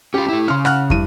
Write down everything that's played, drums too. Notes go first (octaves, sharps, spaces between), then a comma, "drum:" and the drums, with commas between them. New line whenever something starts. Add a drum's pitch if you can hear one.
C#4 F4 G4
A3 E4
C#3 C#4 C6 F6
F#5 F6 F#6, drum: rim click
G2 E3 D#7, drum: kick